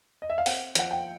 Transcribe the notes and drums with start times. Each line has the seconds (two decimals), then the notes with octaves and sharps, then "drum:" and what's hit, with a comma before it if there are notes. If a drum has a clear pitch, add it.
0.22 D#5
0.30 E5
0.38 F5
0.46 C4 F#5, drum: open hi-hat
0.75 F3 F#5, drum: hi-hat
0.91 G5